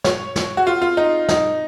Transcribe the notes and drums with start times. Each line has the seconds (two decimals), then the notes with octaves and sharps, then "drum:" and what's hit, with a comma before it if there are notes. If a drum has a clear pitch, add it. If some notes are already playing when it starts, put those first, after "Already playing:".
0.04 C#5, drum: snare
0.36 drum: snare
0.57 F#4
0.67 F4
0.82 F4
0.97 D#4
1.29 D#4, drum: snare